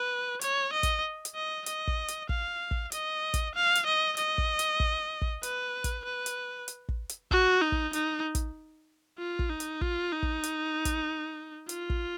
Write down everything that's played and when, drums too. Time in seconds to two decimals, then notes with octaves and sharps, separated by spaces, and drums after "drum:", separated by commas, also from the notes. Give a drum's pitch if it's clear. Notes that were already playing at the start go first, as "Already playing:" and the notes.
Already playing: B4
0.41 C#5, drum: hi-hat
0.73 D#5
0.83 drum: kick, hi-hat
1.25 drum: hi-hat
1.35 D#5
1.66 D#5, drum: hi-hat
1.88 drum: kick
2.08 drum: hi-hat
2.29 F5, drum: kick
2.71 drum: kick
2.92 D#5, drum: hi-hat
3.34 drum: kick, hi-hat
3.54 F5
3.75 drum: hi-hat
3.86 D#5
4.17 D#5, drum: hi-hat
4.38 drum: kick
4.59 drum: hi-hat
4.80 drum: kick
5.22 drum: kick
5.43 B4, drum: hi-hat
5.84 drum: kick, hi-hat
6.04 B4
6.26 drum: hi-hat
6.68 drum: hi-hat
6.89 drum: kick
7.09 drum: hi-hat
7.31 F#4, drum: kick
7.61 D#4
7.72 drum: kick
7.93 D#4, drum: hi-hat
8.35 drum: kick, hi-hat
9.18 F4
9.39 drum: kick
9.50 D#4
9.60 drum: hi-hat
9.81 F4, drum: kick
10.13 D#4
10.23 drum: kick
10.43 drum: hi-hat
10.85 drum: kick, hi-hat
11.69 F4, drum: hi-hat
11.90 drum: kick